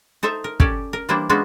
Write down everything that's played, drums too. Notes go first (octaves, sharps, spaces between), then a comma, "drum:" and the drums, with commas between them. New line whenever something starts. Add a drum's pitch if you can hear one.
D#4 A4 C5 E5
A#4
C#4 G4 A4 C#5 D5, drum: kick
A#4
E3 G3 A#3 D4 E4 C5
G#3 B3 C#4 D4 F4 F#4